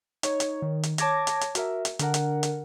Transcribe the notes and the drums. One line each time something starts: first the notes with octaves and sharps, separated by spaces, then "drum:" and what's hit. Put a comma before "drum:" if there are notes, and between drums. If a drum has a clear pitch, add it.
D#4 C#5, drum: hi-hat
drum: hi-hat
D#3
drum: hi-hat
C#5 A5 D6 G#6 A#6, drum: hi-hat
drum: hi-hat
drum: hi-hat
F#4 A#4 E5, drum: hi-hat
drum: hi-hat
D3 D4 A#4 F#5, drum: hi-hat
drum: hi-hat
drum: hi-hat